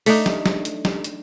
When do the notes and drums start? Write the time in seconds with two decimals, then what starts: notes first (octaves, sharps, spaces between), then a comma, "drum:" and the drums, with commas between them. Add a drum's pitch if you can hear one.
0.06 A3 D4 D#4, drum: open hi-hat
0.26 drum: snare
0.46 drum: snare
0.65 drum: hi-hat
0.85 drum: snare
1.04 drum: hi-hat